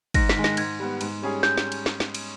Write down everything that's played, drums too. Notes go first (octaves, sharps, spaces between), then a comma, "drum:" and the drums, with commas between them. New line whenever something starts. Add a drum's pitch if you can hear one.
G#2 A#6, drum: kick, cymbal
B6, drum: snare
D#3 G#3
A#6, drum: snare
G#2 G#6, drum: cymbal
G3 B3
G#2, drum: cymbal
G3 C#4 G#4
G6, drum: snare
drum: snare
drum: cymbal
drum: snare
drum: snare
drum: cymbal